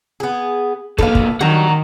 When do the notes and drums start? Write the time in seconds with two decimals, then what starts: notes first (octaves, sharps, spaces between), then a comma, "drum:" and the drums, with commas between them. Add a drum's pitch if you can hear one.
0.20 B3 G#4
0.98 B1 A#2 A4 B4 F5, drum: kick
1.15 drum: kick
1.41 D#3 F#3 G3 D4 F#5 A#5